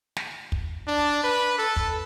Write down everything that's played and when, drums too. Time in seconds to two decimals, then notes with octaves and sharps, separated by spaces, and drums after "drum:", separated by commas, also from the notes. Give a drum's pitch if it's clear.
0.16 drum: snare
0.52 drum: kick
0.87 D4
1.24 B4
1.58 A4
1.76 drum: kick